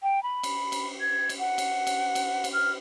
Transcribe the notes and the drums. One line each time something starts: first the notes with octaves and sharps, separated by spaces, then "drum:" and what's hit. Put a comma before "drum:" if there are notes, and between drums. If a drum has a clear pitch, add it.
G5
B5
drum: cymbal
drum: cymbal
G#6
drum: cymbal
F#5
drum: cymbal
drum: cymbal
drum: cymbal
drum: cymbal
F6